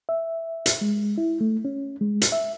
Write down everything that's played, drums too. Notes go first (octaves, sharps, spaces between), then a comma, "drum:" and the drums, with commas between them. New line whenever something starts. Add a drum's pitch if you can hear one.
E5
drum: hi-hat
G#3
E4
A3
C#4
G#3
drum: hi-hat
E5